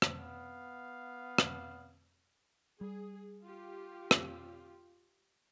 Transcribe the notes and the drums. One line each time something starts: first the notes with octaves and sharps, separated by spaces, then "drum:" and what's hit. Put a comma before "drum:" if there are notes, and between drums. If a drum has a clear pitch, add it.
drum: rim click
B3 F5
drum: rim click
G3 G#4
F4 G4
drum: rim click